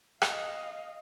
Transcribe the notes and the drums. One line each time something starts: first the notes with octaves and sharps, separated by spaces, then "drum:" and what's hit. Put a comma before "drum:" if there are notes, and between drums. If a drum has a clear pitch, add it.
D#5 F5, drum: rim click